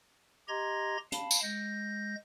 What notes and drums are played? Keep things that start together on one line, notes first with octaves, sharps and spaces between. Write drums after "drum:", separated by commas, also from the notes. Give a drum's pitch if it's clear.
G4 D#5 A#5 C6 G#6 A#6
F5 A5 B5, drum: hi-hat
drum: tambourine
G#3 G6 A#6